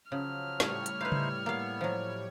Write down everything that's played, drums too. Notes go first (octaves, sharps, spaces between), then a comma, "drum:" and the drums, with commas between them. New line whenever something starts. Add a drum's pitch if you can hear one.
C#3 F3 F#3 F6
A2 G3 C#5, drum: snare
drum: hi-hat
D#4 E4 B4 C5 F5
drum: tom C#3
A#3 B3 F5
F3 F#3